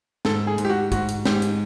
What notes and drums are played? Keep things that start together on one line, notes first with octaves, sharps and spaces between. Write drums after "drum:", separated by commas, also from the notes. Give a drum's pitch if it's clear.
G#2 A4, drum: snare
G#4
G#2, drum: hi-hat
G4
F#4
G#2 F#4, drum: kick, hi-hat
drum: hi-hat
G#2 G4, drum: snare
drum: hi-hat